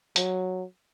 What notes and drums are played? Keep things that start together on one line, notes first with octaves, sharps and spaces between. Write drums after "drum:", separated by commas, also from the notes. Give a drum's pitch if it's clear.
F#3, drum: hi-hat